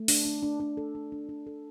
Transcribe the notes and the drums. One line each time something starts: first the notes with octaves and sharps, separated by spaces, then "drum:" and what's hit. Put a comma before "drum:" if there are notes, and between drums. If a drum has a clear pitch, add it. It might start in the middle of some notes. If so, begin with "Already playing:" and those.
Already playing: A3
D4, drum: open hi-hat
D4
D4
D4
A4
D4
D4
D4
A4